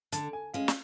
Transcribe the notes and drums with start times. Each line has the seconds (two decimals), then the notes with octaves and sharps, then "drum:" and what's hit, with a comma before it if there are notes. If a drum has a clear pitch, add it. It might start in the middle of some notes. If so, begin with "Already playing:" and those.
0.12 D3 A5, drum: hi-hat
0.33 G#5
0.54 G#3 C#4 F5
0.68 drum: snare